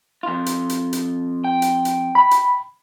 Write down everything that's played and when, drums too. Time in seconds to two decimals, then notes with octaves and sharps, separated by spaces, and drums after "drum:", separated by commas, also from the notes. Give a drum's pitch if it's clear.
0.23 F2 F4
0.46 drum: hi-hat
0.70 drum: hi-hat
0.93 drum: hi-hat
1.44 G5
1.62 drum: hi-hat
1.85 drum: hi-hat
2.15 B5
2.31 drum: hi-hat